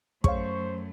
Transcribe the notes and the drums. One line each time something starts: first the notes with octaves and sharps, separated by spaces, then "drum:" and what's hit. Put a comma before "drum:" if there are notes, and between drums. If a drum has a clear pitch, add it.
F#2 A3 G#4 C5 C#5 F5 C#6, drum: kick